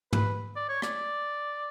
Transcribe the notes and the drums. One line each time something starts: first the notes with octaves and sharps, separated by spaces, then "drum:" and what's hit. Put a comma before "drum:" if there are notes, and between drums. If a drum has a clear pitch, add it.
B4, drum: tom
D5
C#5
D5, drum: rim click